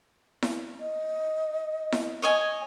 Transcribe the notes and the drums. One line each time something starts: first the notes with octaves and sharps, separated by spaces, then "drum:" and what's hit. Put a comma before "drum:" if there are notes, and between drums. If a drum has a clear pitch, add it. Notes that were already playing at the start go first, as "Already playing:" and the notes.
drum: snare E4
D#5
drum: snare E4
C#5 D#5 G#5